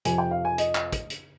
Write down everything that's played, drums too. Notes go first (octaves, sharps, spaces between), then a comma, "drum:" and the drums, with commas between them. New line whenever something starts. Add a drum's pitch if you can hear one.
F2 C3 F3 G#5, drum: hi-hat
G5
F5
G#5
D#5, drum: hi-hat
drum: clap
drum: kick, hi-hat
drum: hi-hat